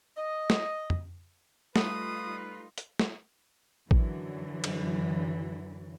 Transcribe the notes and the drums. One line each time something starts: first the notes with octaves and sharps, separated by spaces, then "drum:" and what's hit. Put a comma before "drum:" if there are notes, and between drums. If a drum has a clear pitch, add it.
D#5
drum: snare
drum: tom
G3 A3 D#4 F4 B4 D#6, drum: snare
drum: hi-hat
drum: snare
F#2 D3 E3 F#3, drum: kick
drum: cymbal